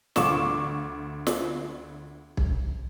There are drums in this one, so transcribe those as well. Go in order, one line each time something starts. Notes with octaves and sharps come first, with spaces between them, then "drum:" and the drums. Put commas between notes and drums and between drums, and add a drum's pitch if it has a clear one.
D2 C#6 D6 E7, drum: snare
drum: snare
drum: kick